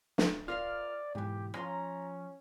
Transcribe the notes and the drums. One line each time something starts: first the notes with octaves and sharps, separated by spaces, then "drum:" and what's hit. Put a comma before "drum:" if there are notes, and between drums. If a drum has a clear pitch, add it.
drum: snare
F4 A#4 D5 F5 F6
B1 G#2 E3 G4
F3 C#4 F4 A#5 C6